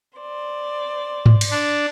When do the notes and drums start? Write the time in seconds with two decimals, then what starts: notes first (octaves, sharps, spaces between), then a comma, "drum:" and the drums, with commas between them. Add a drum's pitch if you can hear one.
0.17 C5 D5
1.26 drum: tom G#2
1.41 drum: cymbal
1.51 D4